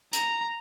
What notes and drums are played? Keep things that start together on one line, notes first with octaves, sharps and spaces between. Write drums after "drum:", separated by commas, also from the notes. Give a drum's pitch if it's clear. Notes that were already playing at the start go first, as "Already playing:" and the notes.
A#5, drum: hi-hat